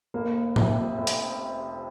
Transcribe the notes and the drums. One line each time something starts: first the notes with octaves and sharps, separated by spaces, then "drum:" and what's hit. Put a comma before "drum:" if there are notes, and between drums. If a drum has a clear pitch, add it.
F1 A#3
F2 C3, drum: tom A2
F1
drum: hi-hat